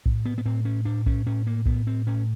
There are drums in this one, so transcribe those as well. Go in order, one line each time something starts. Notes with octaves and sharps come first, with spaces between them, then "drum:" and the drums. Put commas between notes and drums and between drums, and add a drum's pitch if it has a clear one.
A2, drum: kick B1
B3
B3
A2 C4
C#4
A2 D4
C#4, drum: kick B1
A2 C#4
A#3
A2 B3, drum: kick B1
C4
A2 C#4